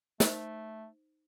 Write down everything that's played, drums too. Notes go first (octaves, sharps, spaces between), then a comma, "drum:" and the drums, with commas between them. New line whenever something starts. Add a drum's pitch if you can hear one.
A3 D#4 C5, drum: snare